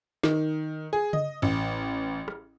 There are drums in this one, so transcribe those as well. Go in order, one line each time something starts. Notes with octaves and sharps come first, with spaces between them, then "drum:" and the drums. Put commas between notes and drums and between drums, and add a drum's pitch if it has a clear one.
D#3, drum: snare
G#4
D#5, drum: tom C#3
A1
drum: rim click